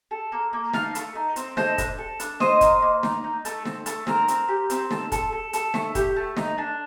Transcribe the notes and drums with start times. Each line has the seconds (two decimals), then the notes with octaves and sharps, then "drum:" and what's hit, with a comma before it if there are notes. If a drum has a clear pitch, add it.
0.11 A4
0.32 A#3
0.53 A#3
0.73 D#4 F5 A5, drum: snare
0.95 A3, drum: hi-hat
1.15 D#4
1.36 C4, drum: hi-hat
1.57 A4 C5 D#5, drum: snare
1.78 D4, drum: kick, hi-hat
1.98 A4
2.20 D4, drum: hi-hat
2.40 A#3 C5 D#5, drum: snare
2.61 A#3, drum: kick, hi-hat
2.82 A#3
3.03 D#4, drum: snare
3.24 D#4
3.45 A3, drum: hi-hat
3.65 C4, drum: snare
3.86 A3, drum: hi-hat
4.07 C4 A#4, drum: snare
4.28 C4, drum: hi-hat
4.48 G4
4.70 C4, drum: hi-hat
4.91 A4, drum: snare
5.12 A4, drum: kick, hi-hat
5.33 A4
5.53 A4, drum: hi-hat
5.74 A3, drum: snare
5.95 G4, drum: kick, hi-hat
6.16 A3
6.37 D#4, drum: snare
6.58 D4